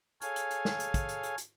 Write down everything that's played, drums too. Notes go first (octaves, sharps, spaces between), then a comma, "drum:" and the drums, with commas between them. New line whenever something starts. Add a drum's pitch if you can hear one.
G#4 A4 C#5 F5 G#5, drum: hi-hat
drum: hi-hat
drum: hi-hat
drum: snare
drum: hi-hat
drum: kick, hi-hat
drum: hi-hat
drum: hi-hat
drum: hi-hat